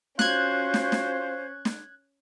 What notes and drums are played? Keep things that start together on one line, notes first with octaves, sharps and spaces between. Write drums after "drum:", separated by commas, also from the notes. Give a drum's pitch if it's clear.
C#4 F4 F#4 C5 F#6 G#6, drum: snare
drum: snare
drum: snare
drum: snare